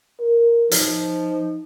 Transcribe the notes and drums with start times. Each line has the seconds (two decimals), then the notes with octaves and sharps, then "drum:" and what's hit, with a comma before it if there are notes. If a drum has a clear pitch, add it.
0.20 A#4
0.71 F3 D#4, drum: hi-hat